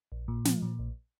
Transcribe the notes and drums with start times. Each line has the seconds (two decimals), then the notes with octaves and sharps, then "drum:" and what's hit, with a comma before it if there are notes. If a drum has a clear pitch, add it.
0.12 A#1
0.28 A#2
0.45 F3, drum: snare
0.62 A#2
0.79 A#1